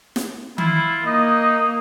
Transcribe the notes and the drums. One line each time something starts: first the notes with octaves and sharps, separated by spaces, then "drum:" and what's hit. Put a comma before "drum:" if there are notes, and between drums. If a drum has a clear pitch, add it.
drum: snare
E4 F4, drum: tom D#3
A#3 D#4 D#5